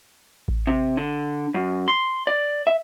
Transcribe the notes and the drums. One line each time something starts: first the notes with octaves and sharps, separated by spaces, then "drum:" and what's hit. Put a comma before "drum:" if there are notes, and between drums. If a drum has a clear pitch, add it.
drum: kick A1
C3
D3
F#2
C6
D5
E5